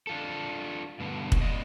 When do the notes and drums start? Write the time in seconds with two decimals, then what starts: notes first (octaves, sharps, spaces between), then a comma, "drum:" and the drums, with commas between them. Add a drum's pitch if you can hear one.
0.07 D4 F4 A4
1.00 G2 B2 D3
1.32 drum: kick
1.41 A#3 D5 D#5